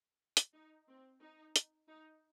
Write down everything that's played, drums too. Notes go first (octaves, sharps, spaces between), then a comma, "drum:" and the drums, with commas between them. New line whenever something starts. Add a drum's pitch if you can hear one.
drum: hi-hat
D#4
C4
D#4
drum: hi-hat
D#4